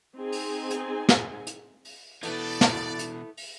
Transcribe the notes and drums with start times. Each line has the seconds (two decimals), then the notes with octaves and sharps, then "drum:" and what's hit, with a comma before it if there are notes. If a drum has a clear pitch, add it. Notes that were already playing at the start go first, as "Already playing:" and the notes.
0.16 C4 D#4 G#4 G#5
0.32 drum: open hi-hat
0.70 drum: hi-hat
1.09 drum: snare
1.47 drum: hi-hat
1.85 drum: open hi-hat
2.23 B2 E3 A3 B3 E4 B4 D5, drum: hi-hat
2.61 drum: snare
2.99 drum: hi-hat
3.37 drum: open hi-hat